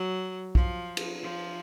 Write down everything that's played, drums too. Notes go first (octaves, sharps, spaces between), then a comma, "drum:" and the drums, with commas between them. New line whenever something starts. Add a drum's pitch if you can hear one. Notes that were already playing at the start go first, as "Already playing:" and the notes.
Already playing: F#3
F3, drum: kick
drum: cymbal
F3